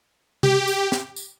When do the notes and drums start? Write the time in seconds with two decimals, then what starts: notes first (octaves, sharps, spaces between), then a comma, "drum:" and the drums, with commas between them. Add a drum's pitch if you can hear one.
0.43 G4, drum: tom C3
0.68 drum: tambourine
0.92 drum: snare
1.16 drum: tambourine